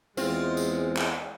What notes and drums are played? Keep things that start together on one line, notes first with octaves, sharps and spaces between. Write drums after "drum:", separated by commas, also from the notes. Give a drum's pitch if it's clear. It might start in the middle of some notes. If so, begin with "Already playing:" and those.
E2 G#3 C4 F4, drum: tambourine
drum: tambourine
drum: clap